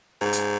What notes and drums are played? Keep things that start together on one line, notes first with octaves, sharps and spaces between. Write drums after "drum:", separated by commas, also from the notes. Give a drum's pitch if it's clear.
G#2
drum: hi-hat